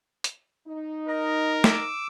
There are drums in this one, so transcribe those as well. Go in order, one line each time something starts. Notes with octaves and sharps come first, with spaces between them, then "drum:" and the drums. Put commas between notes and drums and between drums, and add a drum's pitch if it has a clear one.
drum: hi-hat
D#4
A#4 D#5
D6 E6, drum: snare